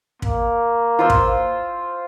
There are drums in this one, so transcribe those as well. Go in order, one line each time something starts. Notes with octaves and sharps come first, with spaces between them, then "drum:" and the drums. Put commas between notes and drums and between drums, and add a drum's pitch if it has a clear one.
A#3, drum: kick
F4 C5 E6
drum: kick